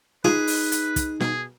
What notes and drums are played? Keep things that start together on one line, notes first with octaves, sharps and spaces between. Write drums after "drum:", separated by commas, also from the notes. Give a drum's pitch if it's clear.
D#4 F4 G#4 B4, drum: snare
drum: open hi-hat
drum: hi-hat
drum: kick, hi-hat
B2 G#4, drum: snare